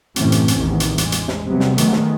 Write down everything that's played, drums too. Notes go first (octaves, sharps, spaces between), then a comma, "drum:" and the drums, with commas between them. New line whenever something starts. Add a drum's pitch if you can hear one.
F#2 A2 C3 E3 C#4, drum: hi-hat
drum: hi-hat
drum: hi-hat
A1 E2 D#3
drum: hi-hat
G#3, drum: hi-hat
drum: hi-hat
drum: snare
C3 F#3 G3 B3
drum: snare
D#3 F#3 G#3 A3 B3, drum: hi-hat
drum: snare